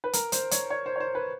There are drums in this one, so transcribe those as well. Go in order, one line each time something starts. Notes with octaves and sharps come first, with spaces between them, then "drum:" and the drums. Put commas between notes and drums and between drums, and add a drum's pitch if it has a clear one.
B4
A#4, drum: hi-hat
C5, drum: hi-hat
C#5, drum: hi-hat
C#5
C5
C#5
C5
B4